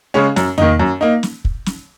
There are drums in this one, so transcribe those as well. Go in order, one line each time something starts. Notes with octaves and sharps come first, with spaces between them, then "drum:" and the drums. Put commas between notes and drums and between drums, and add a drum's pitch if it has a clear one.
C#3 G#3 C#4
F#2, drum: snare
D#3 A#3 D#4, drum: tom E2
F#2
A#3 D#4
drum: snare
drum: kick
drum: snare